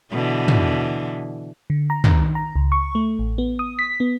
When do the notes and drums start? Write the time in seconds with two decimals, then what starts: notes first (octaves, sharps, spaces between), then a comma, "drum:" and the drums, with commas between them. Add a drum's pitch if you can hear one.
0.12 B2 D3 E3
0.48 drum: tom
1.70 D3
1.90 A#5
2.04 D#3, drum: tom
2.35 A#5
2.56 C#2
2.72 C#6
2.95 A3
3.19 A1
3.38 B3
3.59 D#6
3.79 B6
4.00 B3